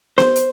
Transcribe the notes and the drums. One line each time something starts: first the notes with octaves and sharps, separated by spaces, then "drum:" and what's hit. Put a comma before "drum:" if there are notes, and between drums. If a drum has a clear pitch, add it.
C5, drum: snare B3
drum: hi-hat